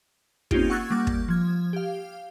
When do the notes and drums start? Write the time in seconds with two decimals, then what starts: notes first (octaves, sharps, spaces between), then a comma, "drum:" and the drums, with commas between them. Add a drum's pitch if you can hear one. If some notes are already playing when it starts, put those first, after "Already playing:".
0.51 A#3 C4 C#4 D#4 F4 G4, drum: kick
0.70 F#5 C#6 E6 F#6 G#6 A6
0.90 G3 A#3 D6
1.07 drum: kick
1.29 F3 G#6
1.73 G4 F5